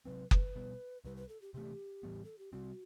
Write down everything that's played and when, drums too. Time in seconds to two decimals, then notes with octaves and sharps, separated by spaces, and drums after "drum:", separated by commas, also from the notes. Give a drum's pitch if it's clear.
0.05 C3 F#3 C4 B4
0.31 B4, drum: kick F#1
0.55 B2 G3 B3
1.05 C2 C3 G3 B4
1.17 B4
1.29 A4
1.42 G4
1.54 C3 E3 A3 G4
2.03 A2 E3 G3 B3
2.25 A4
2.39 G4
2.53 C3 G3 C4 F#4